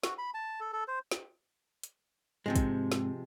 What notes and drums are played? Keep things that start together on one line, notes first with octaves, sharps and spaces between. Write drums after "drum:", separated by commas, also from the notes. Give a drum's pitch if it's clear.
F#4, drum: snare
B5
A5
A4
A4
C5
drum: snare
drum: hi-hat
G#2 C3 F3 G#3 C4
drum: kick, hi-hat
drum: snare